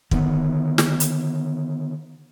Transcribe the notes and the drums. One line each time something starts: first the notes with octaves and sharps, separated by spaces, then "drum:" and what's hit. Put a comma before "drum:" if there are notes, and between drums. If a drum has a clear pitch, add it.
D3 D#3 G3 B3, drum: kick
drum: snare
drum: hi-hat